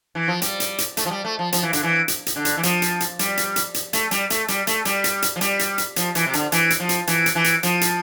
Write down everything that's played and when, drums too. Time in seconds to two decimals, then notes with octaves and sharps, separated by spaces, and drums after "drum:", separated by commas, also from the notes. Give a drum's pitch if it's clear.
0.15 E3
0.28 F3
0.42 G3, drum: hi-hat
0.60 drum: hi-hat
0.78 drum: hi-hat
0.97 A3, drum: hi-hat
1.06 F3
1.11 G3
1.25 A3
1.39 F3
1.52 F3, drum: hi-hat
1.63 E3
1.73 D3, drum: hi-hat
1.83 E3
2.08 drum: hi-hat
2.26 drum: hi-hat
2.36 D3
2.45 drum: hi-hat
2.57 E3
2.63 F3, drum: hi-hat
2.82 drum: hi-hat
3.00 drum: hi-hat
3.19 G3, drum: hi-hat
3.37 drum: hi-hat
3.56 drum: hi-hat
3.74 drum: hi-hat
3.93 A3, drum: hi-hat
4.11 G3, drum: hi-hat
4.30 A3, drum: hi-hat
4.48 G3, drum: hi-hat
4.67 A3, drum: hi-hat
4.85 G3, drum: hi-hat
5.04 drum: hi-hat
5.22 drum: hi-hat
5.36 F3
5.41 G3, drum: hi-hat
5.59 drum: hi-hat
5.78 drum: hi-hat
5.96 F3, drum: hi-hat
6.15 E3, drum: hi-hat
6.27 C3
6.33 D3, drum: hi-hat
6.52 E3, drum: hi-hat
6.70 drum: hi-hat
6.80 F3
6.89 drum: hi-hat
7.07 E3, drum: hi-hat
7.26 drum: hi-hat
7.35 E3
7.44 drum: hi-hat
7.63 F3, drum: hi-hat
7.81 drum: hi-hat